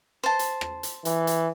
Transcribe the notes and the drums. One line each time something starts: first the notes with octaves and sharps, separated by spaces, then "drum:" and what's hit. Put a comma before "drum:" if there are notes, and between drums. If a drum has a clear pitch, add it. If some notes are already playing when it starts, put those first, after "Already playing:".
C5 A5
drum: hi-hat
drum: rim click
drum: hi-hat
E3, drum: hi-hat
drum: hi-hat